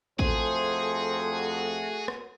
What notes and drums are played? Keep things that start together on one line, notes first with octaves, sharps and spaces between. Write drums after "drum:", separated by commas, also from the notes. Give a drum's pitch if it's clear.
F2 A3 F#4 G#4 C5, drum: kick A1
drum: rim click